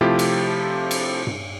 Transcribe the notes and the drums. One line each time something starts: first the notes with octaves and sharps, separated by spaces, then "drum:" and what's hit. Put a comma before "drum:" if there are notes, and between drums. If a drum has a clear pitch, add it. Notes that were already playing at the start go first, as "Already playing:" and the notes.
C3 F3 A3 E4 F4 G4
drum: cymbal
drum: cymbal
drum: tom G2